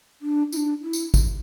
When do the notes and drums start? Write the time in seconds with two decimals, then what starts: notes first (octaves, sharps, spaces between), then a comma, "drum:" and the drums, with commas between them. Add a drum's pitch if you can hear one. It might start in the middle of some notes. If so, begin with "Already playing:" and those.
0.22 D4
0.52 E4, drum: tambourine
0.56 D4
0.83 E4
0.93 drum: tambourine
1.14 drum: kick, tambourine